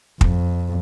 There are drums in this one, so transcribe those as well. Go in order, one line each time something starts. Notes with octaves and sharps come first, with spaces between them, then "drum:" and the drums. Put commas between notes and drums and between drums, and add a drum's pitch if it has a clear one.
F2, drum: kick